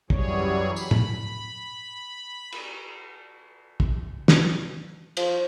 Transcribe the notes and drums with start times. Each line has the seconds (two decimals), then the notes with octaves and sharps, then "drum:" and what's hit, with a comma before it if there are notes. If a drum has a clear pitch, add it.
0.10 F#2 E3 F#3 G3 G#4 C#5, drum: kick
0.76 B5, drum: tambourine
0.91 drum: tom
2.52 drum: cymbal
3.80 drum: kick
4.28 drum: snare
5.17 F3, drum: cymbal